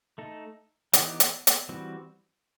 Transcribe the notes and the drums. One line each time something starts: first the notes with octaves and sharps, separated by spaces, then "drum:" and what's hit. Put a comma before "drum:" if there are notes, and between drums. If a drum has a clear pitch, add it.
A3 D#4 A4
E3 B3 D#4 G4, drum: hi-hat
drum: hi-hat
drum: hi-hat
E3 G3 C4 F#4